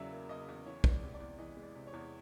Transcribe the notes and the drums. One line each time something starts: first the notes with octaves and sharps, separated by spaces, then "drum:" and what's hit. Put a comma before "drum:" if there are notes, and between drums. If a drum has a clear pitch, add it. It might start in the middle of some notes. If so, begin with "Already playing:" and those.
Already playing: E2 C#3 F#3 A#3 D5 E5
A#3
C#3 D#5
E2
E3 C#5
G#3, drum: kick
D5
C3
D5
E2
E3 D#5
G#3
D5
C3
C#5
E2